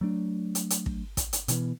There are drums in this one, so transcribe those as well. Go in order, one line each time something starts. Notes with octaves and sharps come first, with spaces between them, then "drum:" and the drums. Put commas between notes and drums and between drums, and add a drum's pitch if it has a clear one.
F#3 A3 D4
drum: hi-hat
drum: hi-hat
drum: kick
drum: kick, hi-hat
drum: hi-hat
B2 E3 B3, drum: hi-hat